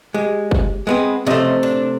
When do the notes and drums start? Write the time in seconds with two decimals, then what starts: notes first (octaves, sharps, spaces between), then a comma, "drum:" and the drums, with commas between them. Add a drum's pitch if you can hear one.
0.14 G#3 G4
0.51 drum: kick
0.87 G#3 B3 C4
1.27 C3 F3 A3 C#4 D#5
1.63 D4